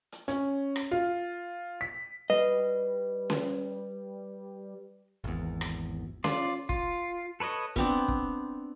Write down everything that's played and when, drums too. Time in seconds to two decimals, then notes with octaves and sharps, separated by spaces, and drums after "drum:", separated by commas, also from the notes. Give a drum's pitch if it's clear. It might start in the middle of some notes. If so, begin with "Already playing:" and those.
0.12 drum: hi-hat
0.28 C#4, drum: hi-hat
0.76 drum: rim click
0.91 F4
1.81 B6
2.30 G3 B4 D#5
3.30 drum: snare C#4
5.24 G#1 E2
5.61 drum: rim click
6.24 F4 D5, drum: snare C#4
6.69 F4, drum: kick
7.40 A4 B4 C#5 D#5
7.76 B3 C4 D4, drum: kick
8.08 drum: kick